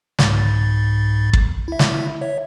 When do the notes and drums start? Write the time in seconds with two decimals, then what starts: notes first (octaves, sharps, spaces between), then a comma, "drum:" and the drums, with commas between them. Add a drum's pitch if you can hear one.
0.19 C2 G#2 A6, drum: snare
1.33 drum: kick
1.68 E4 E5
1.79 drum: snare
2.21 C#5 E5